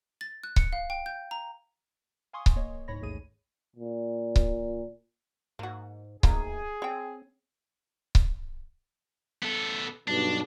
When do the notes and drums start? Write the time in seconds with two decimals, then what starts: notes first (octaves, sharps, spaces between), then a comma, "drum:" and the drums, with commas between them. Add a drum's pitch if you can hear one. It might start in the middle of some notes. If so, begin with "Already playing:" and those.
0.21 A6
0.44 F#6
0.56 C#7, drum: kick C#1
0.73 F5
0.90 G5
1.06 G6
1.31 A#5
2.33 F5 G#5 C6 C#6 D#6
2.46 drum: kick C#1
2.56 A#3 C#5 D#5
2.88 C2 G#2 C#5 B5 A#6
3.01 A1 D#2 G#2 A3 G#4 D#7
3.76 A#2
4.36 drum: kick C#1
5.59 G#2 A#3 F#4
6.23 D2 A#3 D#4 G#4 A#4, drum: kick C#1
6.82 C4 C#5 G5
8.15 drum: kick C#1
9.43 B3 A4
10.08 B1 G2 B2 D4